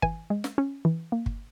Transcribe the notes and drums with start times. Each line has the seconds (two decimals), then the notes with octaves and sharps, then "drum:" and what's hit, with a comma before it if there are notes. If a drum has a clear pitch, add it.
0.02 E3 G#5, drum: kick G1
0.30 G#3
0.44 drum: snare
0.58 C#4
0.85 E3
1.12 A#3
1.26 drum: kick G1